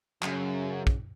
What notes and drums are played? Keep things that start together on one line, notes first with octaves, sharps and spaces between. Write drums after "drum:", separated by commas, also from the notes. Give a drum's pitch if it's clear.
F#2 C#3, drum: clap
drum: kick